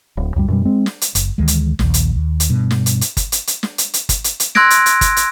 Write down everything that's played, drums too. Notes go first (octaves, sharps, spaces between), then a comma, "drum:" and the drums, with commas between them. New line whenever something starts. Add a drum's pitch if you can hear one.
D1
C#2 F#2 G3
F#2 B2 G3
G#3 C4
drum: snare
drum: hi-hat
F#1, drum: hi-hat
D2 D#3 E3 G#3
drum: hi-hat
A#1 D#2, drum: snare
drum: hi-hat
D#2
drum: hi-hat
G2 B2
drum: snare
drum: hi-hat
drum: hi-hat
drum: kick G1, hi-hat
drum: hi-hat
drum: hi-hat
drum: snare
drum: hi-hat
drum: hi-hat
drum: kick G1, hi-hat
drum: hi-hat
drum: hi-hat
C6 E6 F#6 G#6 A#6 D7, drum: snare
drum: hi-hat
drum: hi-hat
drum: kick G1, hi-hat
drum: hi-hat